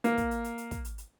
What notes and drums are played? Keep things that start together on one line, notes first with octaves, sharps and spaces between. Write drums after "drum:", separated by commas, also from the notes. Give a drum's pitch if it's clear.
A#3, drum: hi-hat
drum: kick, hi-hat
drum: hi-hat
drum: hi-hat
drum: hi-hat
drum: kick, hi-hat
drum: hi-hat
drum: hi-hat